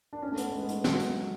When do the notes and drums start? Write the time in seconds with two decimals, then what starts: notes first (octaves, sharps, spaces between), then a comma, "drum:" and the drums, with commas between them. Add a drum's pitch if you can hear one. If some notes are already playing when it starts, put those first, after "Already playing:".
0.13 D4
0.22 C#4
0.32 A3
0.37 B3, drum: hi-hat
0.53 G#3
0.62 B3
0.69 A3, drum: hi-hat
0.84 F#3, drum: snare
1.00 drum: hi-hat